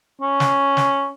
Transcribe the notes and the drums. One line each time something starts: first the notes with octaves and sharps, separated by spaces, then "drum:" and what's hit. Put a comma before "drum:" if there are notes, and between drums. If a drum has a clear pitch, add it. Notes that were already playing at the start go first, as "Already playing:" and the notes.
C#4
drum: snare
drum: snare